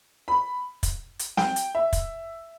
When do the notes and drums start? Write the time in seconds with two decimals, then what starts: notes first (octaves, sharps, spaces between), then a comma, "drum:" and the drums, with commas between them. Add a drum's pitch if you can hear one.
0.28 B5
0.83 drum: kick, hi-hat
1.19 drum: hi-hat
1.37 G5, drum: snare
1.56 drum: hi-hat
1.75 E5
1.93 drum: kick, hi-hat